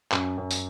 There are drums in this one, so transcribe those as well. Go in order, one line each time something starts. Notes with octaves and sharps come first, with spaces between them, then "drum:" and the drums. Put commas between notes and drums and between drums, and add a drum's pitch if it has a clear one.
F#2, drum: clap
F#2
drum: tambourine